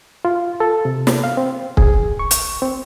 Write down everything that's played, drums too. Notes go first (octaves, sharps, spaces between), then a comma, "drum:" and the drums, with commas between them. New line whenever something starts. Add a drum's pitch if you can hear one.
F4
A4
C3
drum: snare
F5
C4
G#4, drum: kick C#1
C#6
drum: hi-hat
C4